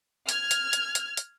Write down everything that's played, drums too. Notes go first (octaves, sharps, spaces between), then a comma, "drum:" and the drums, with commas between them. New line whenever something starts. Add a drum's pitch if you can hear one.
F6 G#6, drum: hi-hat
drum: hi-hat
drum: hi-hat
drum: hi-hat
drum: hi-hat